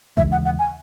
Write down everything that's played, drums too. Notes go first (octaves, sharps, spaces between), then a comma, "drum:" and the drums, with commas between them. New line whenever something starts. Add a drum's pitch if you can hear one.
D#2 C#3 E3 G#3 E5, drum: kick
F#5
F#5
G#5